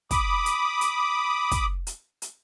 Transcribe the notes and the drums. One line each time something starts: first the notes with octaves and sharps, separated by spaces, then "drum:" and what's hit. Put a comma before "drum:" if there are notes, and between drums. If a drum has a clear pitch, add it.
B5 D6 D#6, drum: kick, hi-hat
drum: hi-hat
drum: hi-hat
drum: kick, hi-hat
drum: hi-hat
drum: hi-hat